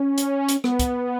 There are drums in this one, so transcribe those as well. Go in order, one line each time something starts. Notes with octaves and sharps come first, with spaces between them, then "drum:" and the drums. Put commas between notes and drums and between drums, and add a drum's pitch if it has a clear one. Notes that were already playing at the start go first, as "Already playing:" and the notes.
Already playing: C#4
drum: hi-hat
drum: hi-hat
B3, drum: rim click
drum: kick, hi-hat